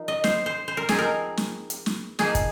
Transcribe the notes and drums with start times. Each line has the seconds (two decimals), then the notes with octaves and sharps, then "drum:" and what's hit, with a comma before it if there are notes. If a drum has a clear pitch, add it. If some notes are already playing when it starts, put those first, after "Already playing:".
Already playing: F3 D#4 A#4
0.08 D#5
0.24 C5, drum: snare
0.46 C5
0.68 C5
0.77 A#4
0.89 F3 C4 D#4 G#4, drum: snare
0.99 A#4
1.37 drum: snare
1.70 drum: hi-hat
1.86 drum: snare
2.19 F3 A#3 D#4 G#4, drum: snare
2.35 drum: kick, hi-hat